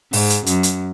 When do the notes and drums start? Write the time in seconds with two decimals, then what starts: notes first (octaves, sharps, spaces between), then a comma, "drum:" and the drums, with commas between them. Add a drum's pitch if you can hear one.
0.13 G#2, drum: open hi-hat
0.30 drum: hi-hat
0.46 F#2, drum: hi-hat
0.63 drum: hi-hat